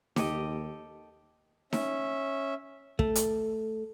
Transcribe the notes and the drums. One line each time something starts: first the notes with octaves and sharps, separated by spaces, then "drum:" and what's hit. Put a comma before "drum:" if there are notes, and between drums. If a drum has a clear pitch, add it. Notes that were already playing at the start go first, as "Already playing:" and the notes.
D#2 G4 A4 D#5, drum: snare D#4
C#4 E5, drum: snare D#4
A3, drum: kick
drum: hi-hat